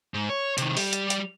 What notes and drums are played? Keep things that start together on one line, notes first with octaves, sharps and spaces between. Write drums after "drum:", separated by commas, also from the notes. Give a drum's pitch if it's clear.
G#2
C#5
C3 D#3, drum: hi-hat
G3 G4, drum: open hi-hat
drum: hi-hat
drum: hi-hat